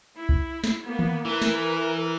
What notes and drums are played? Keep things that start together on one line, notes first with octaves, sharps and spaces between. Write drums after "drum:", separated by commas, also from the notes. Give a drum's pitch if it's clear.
E4
drum: kick C2
drum: snare
A#3 B3
drum: tom D#3
E3 A#4 B4
drum: snare